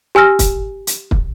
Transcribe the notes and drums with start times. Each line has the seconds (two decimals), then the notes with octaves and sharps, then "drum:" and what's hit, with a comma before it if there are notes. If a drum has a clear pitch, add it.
0.15 G4 G#5 E6 F6 A#6
0.39 drum: kick, hi-hat
0.87 drum: hi-hat
1.11 drum: kick